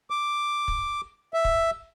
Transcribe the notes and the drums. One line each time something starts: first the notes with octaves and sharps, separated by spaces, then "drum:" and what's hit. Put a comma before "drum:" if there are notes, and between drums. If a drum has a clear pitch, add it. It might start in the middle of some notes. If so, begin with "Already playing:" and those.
D6
drum: kick
E5
drum: kick